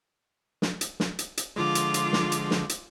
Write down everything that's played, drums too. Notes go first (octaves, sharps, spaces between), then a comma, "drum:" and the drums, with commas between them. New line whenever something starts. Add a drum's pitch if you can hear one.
drum: snare
drum: hi-hat
drum: snare
drum: hi-hat
drum: hi-hat
D3 F3 G#3 F4 D6
drum: hi-hat
drum: hi-hat
drum: snare
drum: hi-hat
drum: snare
drum: hi-hat